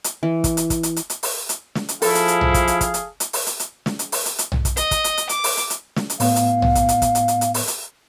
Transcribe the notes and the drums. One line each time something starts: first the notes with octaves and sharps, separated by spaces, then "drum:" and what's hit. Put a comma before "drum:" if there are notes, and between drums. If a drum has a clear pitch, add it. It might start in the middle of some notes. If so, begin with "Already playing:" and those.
drum: hi-hat
E3
drum: kick, hi-hat
drum: hi-hat
drum: kick, hi-hat
drum: hi-hat
drum: hi-hat
drum: hi-hat
drum: open hi-hat
drum: hi-hat
drum: snare
drum: hi-hat
F3 E4 G#4 A4 F5, drum: open hi-hat
drum: hi-hat
drum: hi-hat
drum: tom
drum: kick, hi-hat
drum: hi-hat
drum: kick, hi-hat
drum: hi-hat
drum: hi-hat
drum: open hi-hat
drum: hi-hat
drum: hi-hat
drum: snare
drum: hi-hat
drum: open hi-hat
drum: hi-hat
drum: hi-hat
drum: tom
drum: kick, hi-hat
D#5, drum: hi-hat
drum: kick, hi-hat
drum: hi-hat
drum: hi-hat
D6, drum: hi-hat
drum: open hi-hat
drum: hi-hat
drum: hi-hat
drum: snare
drum: hi-hat
A2 B3 F5, drum: open hi-hat
drum: hi-hat
drum: tom
drum: kick, hi-hat
drum: hi-hat
drum: kick, hi-hat
drum: hi-hat
drum: hi-hat
drum: hi-hat
drum: open hi-hat
drum: hi-hat